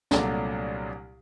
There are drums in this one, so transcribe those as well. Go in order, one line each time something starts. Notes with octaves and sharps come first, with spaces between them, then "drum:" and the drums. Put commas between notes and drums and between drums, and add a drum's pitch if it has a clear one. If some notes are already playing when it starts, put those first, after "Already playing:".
C2 A#2 F#3 A3 D4, drum: snare